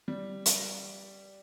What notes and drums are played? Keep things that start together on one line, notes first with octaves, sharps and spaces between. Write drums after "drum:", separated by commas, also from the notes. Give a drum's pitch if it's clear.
G3
drum: hi-hat